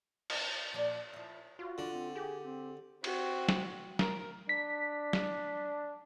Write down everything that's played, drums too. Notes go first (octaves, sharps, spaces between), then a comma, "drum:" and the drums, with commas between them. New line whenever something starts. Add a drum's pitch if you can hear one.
drum: cymbal
A#2 F3 D5
F3 E4
F4 F#4
D3
C4
G4 G#4
C4
C4 F#4, drum: cymbal
drum: snare
A#4, drum: snare
D4 B6
drum: snare